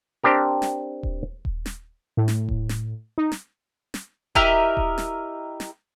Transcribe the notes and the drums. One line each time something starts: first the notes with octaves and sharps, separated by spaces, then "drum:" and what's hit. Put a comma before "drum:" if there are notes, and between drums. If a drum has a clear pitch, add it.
C4 D4 G4 A#4
drum: snare
drum: kick D#1
drum: kick D#1
drum: snare
A2
drum: snare
drum: kick D#1
drum: snare
D#4
drum: snare
drum: snare
E4 G4 A#4 D#5, drum: kick D#1
drum: kick D#1
drum: snare
drum: snare